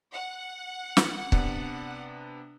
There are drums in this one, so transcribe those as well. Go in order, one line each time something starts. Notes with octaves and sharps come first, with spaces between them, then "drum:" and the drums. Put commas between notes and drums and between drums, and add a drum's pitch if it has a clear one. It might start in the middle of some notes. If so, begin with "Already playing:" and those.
F#5
drum: snare
C3 B3 D4, drum: kick